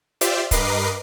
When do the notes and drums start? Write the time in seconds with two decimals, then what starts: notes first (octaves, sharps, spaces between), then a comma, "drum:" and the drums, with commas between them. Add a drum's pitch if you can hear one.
0.21 F4 G4 C5 D5 E5, drum: hi-hat
0.51 G2 A#4 B4 D#5 D6 C7, drum: kick, hi-hat